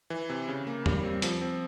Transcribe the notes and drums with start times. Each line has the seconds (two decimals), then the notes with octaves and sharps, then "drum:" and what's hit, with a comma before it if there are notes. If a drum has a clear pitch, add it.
0.10 E3
0.30 C3
0.49 C#3
0.67 A#3
0.86 G3, drum: tom
1.03 C4
1.22 F3, drum: hi-hat
1.42 C4